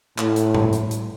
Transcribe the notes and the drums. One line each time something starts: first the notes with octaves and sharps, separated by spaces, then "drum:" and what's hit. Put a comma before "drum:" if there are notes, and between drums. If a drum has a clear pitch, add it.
A2, drum: clap
drum: hi-hat
drum: tom A2
drum: hi-hat
drum: hi-hat